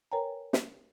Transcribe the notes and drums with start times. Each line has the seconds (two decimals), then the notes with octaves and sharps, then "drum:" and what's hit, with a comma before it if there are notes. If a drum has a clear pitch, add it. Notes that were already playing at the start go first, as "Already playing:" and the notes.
0.12 A#4 B4 C#5 G5 G#5 A#5
0.53 drum: snare